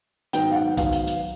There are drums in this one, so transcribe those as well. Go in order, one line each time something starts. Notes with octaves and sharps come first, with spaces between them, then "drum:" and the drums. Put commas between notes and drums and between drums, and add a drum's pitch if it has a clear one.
G#2 D#3 F#3 B3 G5, drum: tambourine
F5
F#5
G#2 D#3 F#3 B3 F5, drum: kick B1, tambourine
drum: tambourine
drum: tambourine